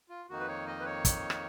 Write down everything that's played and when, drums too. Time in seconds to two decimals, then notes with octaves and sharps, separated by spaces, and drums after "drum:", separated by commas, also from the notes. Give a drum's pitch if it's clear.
0.09 F4
0.29 F2 D#3 A#3 D#4 F#4
0.40 B4
0.48 C#5
0.67 D#5
0.80 B4
0.86 C#5
1.05 drum: kick, hi-hat
1.30 drum: rim click